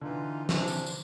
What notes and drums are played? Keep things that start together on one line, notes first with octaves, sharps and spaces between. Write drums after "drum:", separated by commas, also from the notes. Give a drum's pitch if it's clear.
D3 E3 D#4 F4
C3 E3 D4, drum: snare
drum: tambourine
drum: tambourine